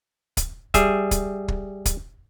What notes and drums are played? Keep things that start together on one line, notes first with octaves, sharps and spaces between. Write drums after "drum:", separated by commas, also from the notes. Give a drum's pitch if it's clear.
drum: kick, hi-hat
G3 G#4 E5, drum: kick, hi-hat
drum: kick, hi-hat
drum: kick
drum: kick, hi-hat